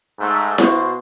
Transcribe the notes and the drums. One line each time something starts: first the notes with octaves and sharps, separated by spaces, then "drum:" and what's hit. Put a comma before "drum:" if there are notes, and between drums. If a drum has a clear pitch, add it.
G#2 A3
B2 F#4 C5, drum: snare E4